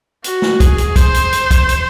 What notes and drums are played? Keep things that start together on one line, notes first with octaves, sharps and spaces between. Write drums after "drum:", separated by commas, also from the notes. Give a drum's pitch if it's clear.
F#4, drum: hi-hat
drum: snare
G#4, drum: kick, hi-hat
drum: hi-hat
C5, drum: kick, hi-hat
drum: hi-hat
drum: hi-hat
drum: kick, hi-hat
drum: hi-hat